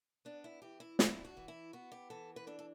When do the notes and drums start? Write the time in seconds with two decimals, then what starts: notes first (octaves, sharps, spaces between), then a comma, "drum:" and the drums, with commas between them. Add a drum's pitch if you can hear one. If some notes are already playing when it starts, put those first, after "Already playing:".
0.25 B3 D4
0.44 E4
0.62 E3 G4
0.80 E4
0.99 D4 E4, drum: snare
1.25 F#4
1.37 E3
1.48 E4
1.73 B3 F#4
1.92 G4
2.10 E3 A4
2.36 B4
2.47 D4 A4
2.59 A4